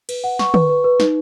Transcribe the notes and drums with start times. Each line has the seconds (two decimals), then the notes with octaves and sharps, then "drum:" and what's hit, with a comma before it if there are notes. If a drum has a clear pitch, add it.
0.09 B4, drum: cymbal
0.24 F#5
0.39 C#6, drum: snare
0.54 B4, drum: tom
0.69 B4
0.84 B4
1.00 D#4, drum: snare